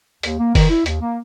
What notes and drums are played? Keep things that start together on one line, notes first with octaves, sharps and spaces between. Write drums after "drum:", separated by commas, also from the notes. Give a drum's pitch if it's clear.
D#2, drum: hi-hat
A#3
D#3, drum: kick, open hi-hat
E4
D#2, drum: hi-hat
A#3